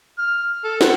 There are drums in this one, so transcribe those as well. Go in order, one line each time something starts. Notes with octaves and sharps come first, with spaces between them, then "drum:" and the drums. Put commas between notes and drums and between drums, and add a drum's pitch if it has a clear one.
F6
A4
C4 F#5, drum: snare